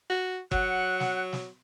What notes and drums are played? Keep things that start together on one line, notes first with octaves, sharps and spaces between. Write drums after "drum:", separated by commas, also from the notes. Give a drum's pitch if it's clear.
F#4
F#3 F#5 F#6, drum: kick
drum: snare
drum: snare